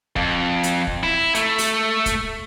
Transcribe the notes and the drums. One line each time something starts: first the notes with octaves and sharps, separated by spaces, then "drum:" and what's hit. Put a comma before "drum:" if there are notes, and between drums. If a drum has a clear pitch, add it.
F2, drum: kick
drum: hi-hat
drum: kick
E4
A3, drum: hi-hat
drum: open hi-hat
drum: kick, hi-hat